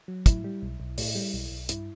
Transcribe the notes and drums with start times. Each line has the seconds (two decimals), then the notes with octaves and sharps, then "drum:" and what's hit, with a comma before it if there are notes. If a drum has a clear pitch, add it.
0.08 F#3
0.26 A2 E4, drum: kick, hi-hat
0.44 G3
0.62 B1
0.80 B1
0.98 A2, drum: open hi-hat
1.15 G3
1.33 B1
1.51 B1
1.69 G2 E4, drum: hi-hat